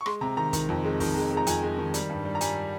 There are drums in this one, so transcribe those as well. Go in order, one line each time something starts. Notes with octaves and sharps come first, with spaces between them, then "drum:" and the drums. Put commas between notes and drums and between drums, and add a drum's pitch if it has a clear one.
C#6
G#3 C6, drum: rim click
C3 A#5
D#3 A#5
D#3, drum: kick, hi-hat
F2
G#3
D#3, drum: kick, open hi-hat
G#3
G#3
A#5
F2 G#5, drum: hi-hat
G#3
D#3
G3, drum: hi-hat
G2
G3
A#5
G3 G#5, drum: hi-hat